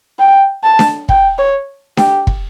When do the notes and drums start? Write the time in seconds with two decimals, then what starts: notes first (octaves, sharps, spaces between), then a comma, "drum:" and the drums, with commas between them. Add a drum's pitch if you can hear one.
0.19 G5
0.64 A5
0.79 drum: snare D4
1.09 G5, drum: kick
1.38 C#5
1.97 G4, drum: snare D4
2.27 drum: kick